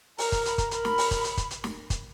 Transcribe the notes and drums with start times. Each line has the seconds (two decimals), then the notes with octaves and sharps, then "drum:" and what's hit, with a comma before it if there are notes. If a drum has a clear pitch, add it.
0.18 A#4 A#5, drum: open hi-hat
0.32 A#5, drum: kick, hi-hat
0.46 B5, drum: hi-hat
0.58 A#5, drum: kick, hi-hat
0.71 A#4 B5, drum: hi-hat
0.85 drum: snare
0.98 drum: open hi-hat
1.11 drum: kick, hi-hat
1.24 drum: hi-hat
1.37 drum: kick, hi-hat
1.51 drum: hi-hat
1.64 drum: snare
1.90 drum: kick, hi-hat